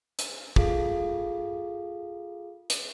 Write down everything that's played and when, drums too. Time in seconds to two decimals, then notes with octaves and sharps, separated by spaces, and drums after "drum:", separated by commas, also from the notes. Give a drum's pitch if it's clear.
0.19 drum: hi-hat
0.56 F4 G#4 A4 F5, drum: kick
2.70 drum: hi-hat